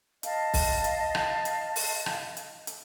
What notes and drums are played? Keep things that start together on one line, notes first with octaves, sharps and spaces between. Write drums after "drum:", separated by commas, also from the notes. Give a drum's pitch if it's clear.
D#5 F5 A5, drum: hi-hat
drum: kick, open hi-hat
drum: hi-hat
drum: rim click
drum: hi-hat
drum: open hi-hat
drum: rim click
drum: hi-hat
drum: hi-hat